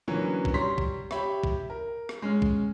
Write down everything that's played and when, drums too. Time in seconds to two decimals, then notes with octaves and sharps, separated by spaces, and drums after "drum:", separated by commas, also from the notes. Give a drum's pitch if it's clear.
0.08 D3 E3 F#3 A#3 B3 C#4
0.45 drum: kick
0.54 G3 C#5 A#5 C6 B6
0.78 drum: kick
1.11 G4 C#5 E5 B5, drum: rim click
1.44 drum: kick
1.70 A#4
2.09 drum: rim click
2.22 G#3 C#4 F6
2.42 drum: kick